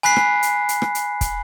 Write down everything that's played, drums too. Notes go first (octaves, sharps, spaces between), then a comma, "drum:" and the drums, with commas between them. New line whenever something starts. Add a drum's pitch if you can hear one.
G#5 B5 F#6 B6 C7
drum: rim click
drum: hi-hat
drum: hi-hat
drum: rim click
drum: hi-hat
drum: kick, hi-hat